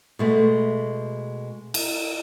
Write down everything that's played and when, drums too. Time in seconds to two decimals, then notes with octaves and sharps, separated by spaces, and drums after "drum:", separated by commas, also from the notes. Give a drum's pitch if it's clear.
0.19 B2 G#3 A3
1.74 drum: cymbal